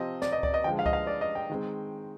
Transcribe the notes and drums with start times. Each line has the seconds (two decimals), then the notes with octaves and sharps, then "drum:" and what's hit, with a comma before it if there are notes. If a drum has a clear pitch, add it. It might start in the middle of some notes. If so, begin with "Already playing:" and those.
Already playing: C3 F3 C4 D#5
0.22 D5, drum: snare
0.32 D#5
0.43 D5, drum: kick C#2
0.54 D#5
0.64 D3 F3 G#3 G5
0.79 F5
0.86 D#5, drum: kick C#2
0.93 F5
1.07 D5
1.21 D#5
1.35 G5
1.50 D#3 G#3 C4